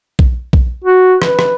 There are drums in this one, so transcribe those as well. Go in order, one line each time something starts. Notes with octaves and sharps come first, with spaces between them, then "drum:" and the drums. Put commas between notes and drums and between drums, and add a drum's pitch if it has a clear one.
drum: kick
drum: kick
F#4
B4, drum: rim click
drum: rim click